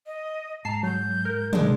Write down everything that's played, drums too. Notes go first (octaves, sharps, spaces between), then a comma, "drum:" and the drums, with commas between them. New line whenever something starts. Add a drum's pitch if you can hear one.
D#5
G#2 A5 A#5 C7
F#3 G6
A#4
G#3 D4, drum: tom